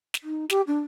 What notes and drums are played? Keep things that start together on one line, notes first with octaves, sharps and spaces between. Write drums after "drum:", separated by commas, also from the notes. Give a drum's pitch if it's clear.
drum: snare
D#4
G4, drum: snare
D4